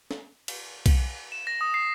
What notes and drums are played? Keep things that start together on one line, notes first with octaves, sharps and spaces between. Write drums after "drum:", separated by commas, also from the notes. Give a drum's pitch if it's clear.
drum: snare
drum: cymbal
drum: kick B1, cymbal
E7
A#6
D#6
C7